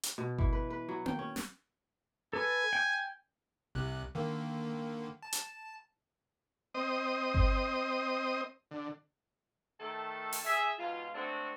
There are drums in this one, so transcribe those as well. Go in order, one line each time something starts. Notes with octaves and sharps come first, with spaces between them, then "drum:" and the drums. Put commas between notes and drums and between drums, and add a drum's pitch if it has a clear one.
drum: hi-hat
B2
E3, drum: kick G1
B4
B4
F#3
G5, drum: tom A#3
C#4
drum: snare
A4 B4 G#5
G5 G6
C2 C3 F#6
D3 D#3 A#3
A5
drum: hi-hat
C4 C5 D#5 D#6
drum: kick G1
D3
D#3 A3 A4
drum: open hi-hat
G#4 E5
G#2 B2 F4
G#3 A3 C4 D4 F#4